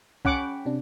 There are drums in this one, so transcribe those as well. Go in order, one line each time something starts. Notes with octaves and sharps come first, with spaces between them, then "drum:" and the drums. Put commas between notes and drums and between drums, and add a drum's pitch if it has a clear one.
C#4 F#5 G5 B5 D6, drum: kick C2
C3 D4